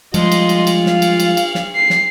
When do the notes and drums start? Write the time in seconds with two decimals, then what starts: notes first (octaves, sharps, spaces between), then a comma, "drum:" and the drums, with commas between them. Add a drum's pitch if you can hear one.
0.14 F3 G3 G#3 F4 D#5 C6, drum: cymbal
0.32 drum: cymbal
0.49 drum: cymbal
0.67 drum: cymbal
0.86 F5, drum: snare
1.02 drum: cymbal
1.20 drum: cymbal
1.37 drum: cymbal
1.55 drum: snare
1.76 C7
1.90 drum: snare